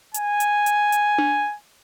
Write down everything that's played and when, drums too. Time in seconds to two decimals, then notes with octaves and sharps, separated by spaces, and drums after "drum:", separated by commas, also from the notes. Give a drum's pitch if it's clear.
0.14 G#5, drum: hi-hat
0.40 drum: hi-hat
0.66 drum: hi-hat
0.92 drum: hi-hat
1.18 drum: tom D4